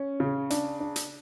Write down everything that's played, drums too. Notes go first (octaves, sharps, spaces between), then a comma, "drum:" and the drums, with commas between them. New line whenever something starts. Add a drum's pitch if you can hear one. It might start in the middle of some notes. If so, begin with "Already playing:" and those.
Already playing: C#4
C#3
D4, drum: hi-hat
D4
drum: hi-hat